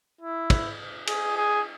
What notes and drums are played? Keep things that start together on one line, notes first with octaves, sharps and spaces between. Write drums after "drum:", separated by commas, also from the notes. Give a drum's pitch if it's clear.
E4
drum: kick, cymbal
G#4, drum: cymbal
G#4